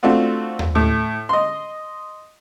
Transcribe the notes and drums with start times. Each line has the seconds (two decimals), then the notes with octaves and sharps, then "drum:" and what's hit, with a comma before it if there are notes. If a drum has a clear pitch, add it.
0.03 A3 C4 D4 F4 F#4
0.59 drum: tom D#2
0.75 A2
1.29 D#5 C6